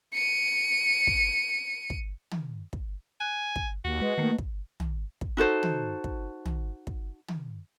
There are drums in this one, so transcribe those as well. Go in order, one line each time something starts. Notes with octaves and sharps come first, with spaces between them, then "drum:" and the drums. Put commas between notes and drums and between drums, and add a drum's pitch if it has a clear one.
C#7 D#7
drum: kick
drum: kick
drum: tom
drum: kick
G#5 F#6
drum: kick
D#2 F#4
G#3 B4 D#5
D#3 A3 A#3
drum: kick
drum: tom
drum: kick
D#4 F#4 A4 C5
drum: tom
drum: kick
drum: tom
drum: kick
drum: tom